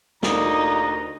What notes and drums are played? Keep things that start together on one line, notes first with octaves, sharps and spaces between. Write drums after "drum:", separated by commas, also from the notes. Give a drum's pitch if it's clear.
D2 A#2 D#4 G4 A#5, drum: snare